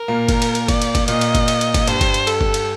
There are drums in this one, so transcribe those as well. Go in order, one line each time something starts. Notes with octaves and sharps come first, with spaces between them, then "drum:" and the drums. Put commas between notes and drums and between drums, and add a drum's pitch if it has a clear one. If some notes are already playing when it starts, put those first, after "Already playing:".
Already playing: A#4
A#2 A#3
drum: kick F#1, cymbal
drum: cymbal
drum: cymbal
D5, drum: kick F#1, cymbal
drum: cymbal
drum: kick F#1, cymbal
A#2 A#3 D#5, drum: cymbal
drum: cymbal
drum: kick F#1, cymbal
drum: cymbal
drum: cymbal
drum: kick F#1, cymbal
G2 G3 C5, drum: cymbal
drum: kick F#1, cymbal
drum: cymbal
A4, drum: cymbal
drum: kick F#1
drum: cymbal